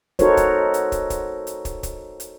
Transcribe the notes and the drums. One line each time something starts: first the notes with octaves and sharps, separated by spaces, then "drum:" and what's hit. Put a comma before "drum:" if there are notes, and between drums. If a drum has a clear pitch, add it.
D#4 F#4 A4 A#4 C5 C#5, drum: kick, hi-hat
drum: kick, hi-hat
drum: hi-hat
drum: kick, hi-hat
drum: kick, hi-hat
drum: hi-hat
drum: kick, hi-hat
drum: kick, hi-hat
drum: hi-hat